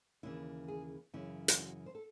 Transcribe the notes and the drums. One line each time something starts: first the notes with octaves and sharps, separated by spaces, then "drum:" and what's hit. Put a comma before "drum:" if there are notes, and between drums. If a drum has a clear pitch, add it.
D#2 C#3 E3 E4
G#4
F#2 C#3 E3 E4
drum: hi-hat
F#4
C5
A4